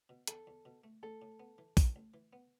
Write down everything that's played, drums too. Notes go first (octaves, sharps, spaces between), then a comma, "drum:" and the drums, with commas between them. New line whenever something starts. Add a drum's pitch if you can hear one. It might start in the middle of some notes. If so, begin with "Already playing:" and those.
B2
E2 A4, drum: hi-hat
E2
B2
A3
A1 A4
A2
B3
E3
E3, drum: kick A#1, open hi-hat
A1
E3
B3